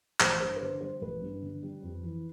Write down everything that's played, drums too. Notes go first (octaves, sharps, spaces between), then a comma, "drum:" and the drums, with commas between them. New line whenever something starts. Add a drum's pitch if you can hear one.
A1 C5, drum: clap
G2 C5
B4
D3 C5
G3 C5
A1 B4
G2
D3
G3
F2
E3